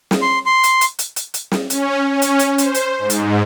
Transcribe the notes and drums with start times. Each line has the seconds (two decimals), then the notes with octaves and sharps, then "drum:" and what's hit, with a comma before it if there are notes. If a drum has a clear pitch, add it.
0.11 drum: snare
0.22 C6
0.46 C6
0.64 drum: hi-hat
0.81 drum: hi-hat
0.99 drum: hi-hat
1.16 drum: hi-hat
1.34 drum: hi-hat
1.52 drum: snare
1.70 C#4, drum: hi-hat
2.11 C#4
2.22 drum: hi-hat
2.39 drum: hi-hat
2.58 C5, drum: hi-hat
2.75 drum: hi-hat
2.99 G#2
3.10 drum: hi-hat